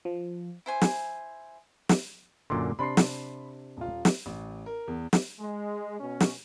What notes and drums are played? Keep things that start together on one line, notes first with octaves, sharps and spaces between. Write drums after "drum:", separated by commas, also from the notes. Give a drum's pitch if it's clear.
F3
E4 C5 G#5
drum: snare
drum: snare
F#2 A#2 D3 C6 D6
C3 D4 B5 C6 C7
drum: snare
D#1 F4
drum: snare
A1
A#4
E2
drum: snare
G#3
B2 C#4
drum: snare